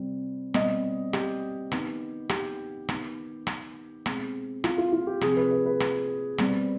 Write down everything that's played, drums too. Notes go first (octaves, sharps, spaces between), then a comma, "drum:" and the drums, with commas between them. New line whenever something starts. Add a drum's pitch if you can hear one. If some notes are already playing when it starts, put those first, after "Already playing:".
Already playing: C3 G3 C4
B2 G3 C4 D#5, drum: rim click
G4, drum: rim click
D#3 B3, drum: rim click
G4, drum: rim click
D#3 B3, drum: rim click
drum: rim click
B2 G#3 C4, drum: rim click
F4, drum: rim click
F4
F4
G4
C3 F3 C4 G#4, drum: rim click
B4
B4
B4
drum: rim click
B2 G3 C4, drum: rim click